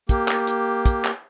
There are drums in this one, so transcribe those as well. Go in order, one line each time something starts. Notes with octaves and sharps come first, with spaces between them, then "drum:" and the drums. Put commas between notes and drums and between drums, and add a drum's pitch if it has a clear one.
A#3 G4, drum: kick, hi-hat
drum: clap
drum: hi-hat
drum: kick, hi-hat
drum: clap